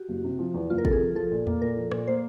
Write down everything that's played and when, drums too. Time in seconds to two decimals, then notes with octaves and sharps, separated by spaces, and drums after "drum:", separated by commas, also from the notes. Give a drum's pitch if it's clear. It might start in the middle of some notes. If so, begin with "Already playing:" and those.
Already playing: F#4 G4
0.08 F#1
0.24 C3
0.39 F3
0.54 E2
0.70 F#1 F4
0.78 A#4
0.85 C3 A4, drum: kick
0.92 G#4
1.00 F3
1.15 F3 A4
1.32 A#2
1.47 A#3, drum: tom E2
1.62 A#2 A#4
1.77 F3
1.92 A#2, drum: rim click
2.07 A#3 C5